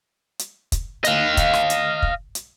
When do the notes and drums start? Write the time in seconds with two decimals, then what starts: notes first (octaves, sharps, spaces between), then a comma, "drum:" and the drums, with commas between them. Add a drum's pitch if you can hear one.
0.39 drum: hi-hat
0.72 drum: kick, hi-hat
1.05 D#5 F5, drum: hi-hat
1.37 drum: kick, hi-hat
1.54 drum: rim click
1.70 drum: hi-hat
2.02 drum: kick
2.35 drum: hi-hat